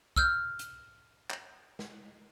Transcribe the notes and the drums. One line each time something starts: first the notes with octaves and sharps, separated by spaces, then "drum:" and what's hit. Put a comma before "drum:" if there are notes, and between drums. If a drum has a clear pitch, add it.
E6 F6 G6, drum: kick
drum: hi-hat
drum: clap
drum: snare